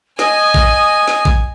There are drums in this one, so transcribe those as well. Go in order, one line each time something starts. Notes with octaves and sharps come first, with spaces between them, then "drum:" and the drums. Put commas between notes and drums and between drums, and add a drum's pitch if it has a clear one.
D#5 G#5 D#6, drum: snare
drum: kick A1
drum: snare
drum: kick A1